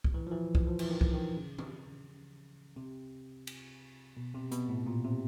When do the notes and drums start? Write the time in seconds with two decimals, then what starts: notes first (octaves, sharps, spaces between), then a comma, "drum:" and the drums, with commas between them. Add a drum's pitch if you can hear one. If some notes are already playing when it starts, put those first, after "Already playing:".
0.04 drum: kick
0.14 E3
0.27 F3
0.31 E3
0.55 drum: kick
0.67 F3
0.79 E3, drum: cymbal
0.90 D#3
1.01 drum: kick
1.14 D#3
1.36 C#3
1.58 drum: tom
2.76 C3
3.47 drum: cymbal
4.17 B2
4.34 C3
4.52 B2, drum: hi-hat
4.69 A2
4.86 A#2
5.04 C3